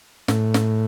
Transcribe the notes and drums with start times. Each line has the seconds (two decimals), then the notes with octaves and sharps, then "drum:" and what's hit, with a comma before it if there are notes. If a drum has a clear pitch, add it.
0.28 A2, drum: snare
0.54 drum: snare